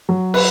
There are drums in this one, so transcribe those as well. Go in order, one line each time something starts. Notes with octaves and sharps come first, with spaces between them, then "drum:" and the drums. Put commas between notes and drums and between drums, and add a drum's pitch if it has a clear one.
F#3
B4, drum: cymbal